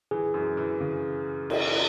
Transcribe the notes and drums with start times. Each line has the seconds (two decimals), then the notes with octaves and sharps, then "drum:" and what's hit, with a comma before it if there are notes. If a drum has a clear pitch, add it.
0.11 E3 G#4
0.34 F#2
0.57 E3
0.80 C#3
1.50 drum: cymbal